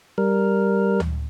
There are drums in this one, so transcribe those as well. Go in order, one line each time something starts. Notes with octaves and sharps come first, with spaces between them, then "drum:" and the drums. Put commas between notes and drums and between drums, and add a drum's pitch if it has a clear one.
G3 A#4
drum: tom D2